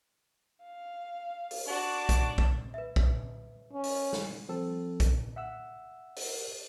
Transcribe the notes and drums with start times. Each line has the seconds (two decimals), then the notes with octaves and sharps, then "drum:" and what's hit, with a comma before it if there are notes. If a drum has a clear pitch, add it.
0.63 F5
1.51 drum: open hi-hat
1.68 D4 F#4 D6
2.09 drum: kick A#1, hi-hat
2.38 drum: kick A#1
2.74 B4 E5
2.96 drum: kick A#1
3.73 C#4
3.84 drum: open hi-hat
4.13 drum: snare
4.49 F3 C4 A4
5.00 drum: kick A#1, hi-hat
5.36 E5 F#5 E6
6.16 drum: open hi-hat